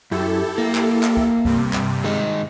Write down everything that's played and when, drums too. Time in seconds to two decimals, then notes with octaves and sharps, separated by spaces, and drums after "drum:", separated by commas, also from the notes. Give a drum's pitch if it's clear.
0.11 F#2 E4 G4 A4
0.58 A#3
0.75 drum: clap
1.03 drum: clap
1.17 drum: kick
1.45 G2 C3 G3, drum: kick
1.73 drum: clap
2.04 D#3 G#3 D#4